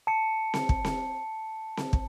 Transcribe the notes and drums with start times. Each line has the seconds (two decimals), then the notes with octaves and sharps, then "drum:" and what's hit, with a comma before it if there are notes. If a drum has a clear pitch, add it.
0.07 A5 C#7
0.54 drum: snare C4
0.69 drum: kick
0.85 drum: snare C4
1.77 drum: snare C4
1.93 drum: kick